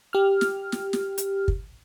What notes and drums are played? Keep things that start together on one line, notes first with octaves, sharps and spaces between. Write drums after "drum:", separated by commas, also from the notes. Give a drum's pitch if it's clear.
G4 F6
drum: snare
drum: snare
drum: snare
drum: hi-hat
drum: kick